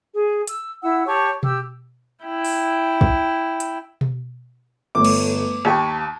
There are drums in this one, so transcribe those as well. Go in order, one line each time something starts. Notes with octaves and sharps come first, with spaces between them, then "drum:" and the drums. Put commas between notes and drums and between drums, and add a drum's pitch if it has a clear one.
G#4
E6, drum: hi-hat
E4 F#5 E6
G4 C#5 A5 C#6
G4 E6, drum: tom B2
E4 G5
drum: open hi-hat
drum: kick
drum: hi-hat
drum: tom B2
G1 A3 C#5 D6
drum: cymbal
D#2 G4 A5 C#6 G#6